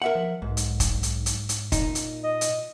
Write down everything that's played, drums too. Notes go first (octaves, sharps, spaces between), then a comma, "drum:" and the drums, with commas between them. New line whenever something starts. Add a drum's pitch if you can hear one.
A#4 E5 F#5
F3
B1 G#2
drum: hi-hat
drum: kick, hi-hat
drum: hi-hat
drum: hi-hat
drum: hi-hat
A#2 D#4, drum: kick, hi-hat
drum: hi-hat
D#5
drum: hi-hat